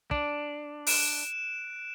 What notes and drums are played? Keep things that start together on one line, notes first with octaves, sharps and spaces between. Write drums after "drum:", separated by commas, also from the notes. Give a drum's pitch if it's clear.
D4, drum: kick
F#6 D7 E7, drum: open hi-hat